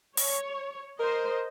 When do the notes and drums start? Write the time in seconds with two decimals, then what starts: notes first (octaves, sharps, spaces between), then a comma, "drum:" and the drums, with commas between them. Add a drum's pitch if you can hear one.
0.17 C#5, drum: open hi-hat
1.00 A#4 C5 D#5